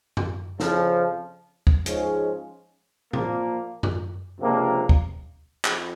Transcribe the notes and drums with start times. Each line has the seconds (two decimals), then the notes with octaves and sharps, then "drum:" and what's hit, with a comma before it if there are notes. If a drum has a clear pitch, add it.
0.17 drum: tom F#2
0.60 F2 C#3 F3, drum: snare
1.67 drum: kick D2
1.86 G#2 F3 G#3 C#4, drum: hi-hat
3.13 A#2 F3 A#3, drum: tom
3.83 drum: tom F#2
4.39 C#2 C3 F3 A#3 D4
4.89 drum: kick D2
5.65 F2, drum: clap